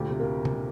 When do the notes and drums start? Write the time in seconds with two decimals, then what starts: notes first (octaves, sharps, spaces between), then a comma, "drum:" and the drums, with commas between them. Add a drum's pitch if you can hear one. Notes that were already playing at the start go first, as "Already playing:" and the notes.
Already playing: D2 A#2 G4
0.10 C3
0.19 A#3
0.45 drum: tom C3